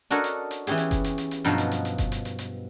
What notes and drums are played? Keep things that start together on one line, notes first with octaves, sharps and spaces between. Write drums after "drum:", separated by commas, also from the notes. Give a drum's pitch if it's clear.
D4 F#4 A4 A#4 C#5 D#5, drum: hi-hat
drum: hi-hat
drum: hi-hat
E3 B3 C#4 G4 G#4, drum: hi-hat
drum: hi-hat
drum: kick F#1, hi-hat
drum: hi-hat
drum: hi-hat
drum: hi-hat
G2 B2 F3 F#3 D#4 D#5
drum: hi-hat
drum: hi-hat
drum: hi-hat
drum: kick F#1, hi-hat
drum: hi-hat
drum: hi-hat
drum: hi-hat